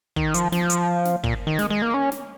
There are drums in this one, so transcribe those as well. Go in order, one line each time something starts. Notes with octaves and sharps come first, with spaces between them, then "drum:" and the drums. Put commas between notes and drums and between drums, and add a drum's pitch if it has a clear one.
D#3, drum: kick
F3, drum: hi-hat
F3, drum: snare
drum: hi-hat
drum: snare
A#2, drum: kick
D#3
G#3, drum: snare
G#3
A#3
C#4
drum: snare